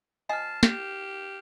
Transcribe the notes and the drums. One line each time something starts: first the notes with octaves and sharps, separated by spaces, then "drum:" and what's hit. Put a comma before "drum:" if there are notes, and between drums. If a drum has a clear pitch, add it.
F3 D#5 G#5 A5 F6 C7
G4 G6 E7, drum: snare